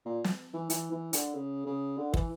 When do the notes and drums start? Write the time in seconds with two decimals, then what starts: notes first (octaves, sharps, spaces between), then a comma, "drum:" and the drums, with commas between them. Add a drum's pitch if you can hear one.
0.05 A#2
0.24 drum: snare
0.53 E3
0.70 E3, drum: hi-hat
0.91 E3
1.13 D3, drum: hi-hat
1.34 C#3
1.66 C#3
1.98 D3
2.14 E3, drum: kick